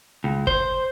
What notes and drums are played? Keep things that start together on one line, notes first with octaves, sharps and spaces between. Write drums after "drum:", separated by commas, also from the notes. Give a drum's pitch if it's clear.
C#2
C5, drum: kick